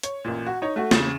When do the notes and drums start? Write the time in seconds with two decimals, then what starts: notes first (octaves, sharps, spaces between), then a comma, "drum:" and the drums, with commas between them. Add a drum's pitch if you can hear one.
0.03 C#5, drum: hi-hat
0.25 A1 A#2
0.47 F#4
0.62 D#4 C#5
0.76 A3 F#4
0.91 E2 C#3 A6, drum: snare